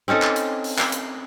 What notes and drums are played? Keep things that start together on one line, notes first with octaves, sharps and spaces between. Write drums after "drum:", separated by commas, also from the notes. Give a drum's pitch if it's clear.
C4 C#4 D#4 A4
drum: clap
drum: hi-hat
drum: open hi-hat
drum: clap
drum: hi-hat